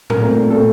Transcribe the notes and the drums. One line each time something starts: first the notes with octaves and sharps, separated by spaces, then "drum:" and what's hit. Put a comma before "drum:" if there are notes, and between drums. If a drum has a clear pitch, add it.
A#4, drum: tom A2
A#2 A3 C4
A#2 A3 C4 A4